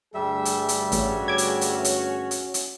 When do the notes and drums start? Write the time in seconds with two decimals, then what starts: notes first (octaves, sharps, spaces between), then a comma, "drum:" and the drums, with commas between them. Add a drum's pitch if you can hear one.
0.14 D2 G2 G3 G#4 E5
0.45 drum: hi-hat
0.69 drum: hi-hat
0.92 A1 C#4 F#4 C#5, drum: hi-hat
1.28 D6 G#6
1.38 drum: hi-hat
1.61 drum: hi-hat
1.84 drum: hi-hat
2.31 drum: hi-hat
2.54 drum: hi-hat